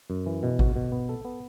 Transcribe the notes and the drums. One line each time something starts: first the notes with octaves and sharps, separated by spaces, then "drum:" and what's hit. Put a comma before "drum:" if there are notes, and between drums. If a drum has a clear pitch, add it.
F#2
E3
B2
F#4, drum: kick G#1
B2
B3
A4
B3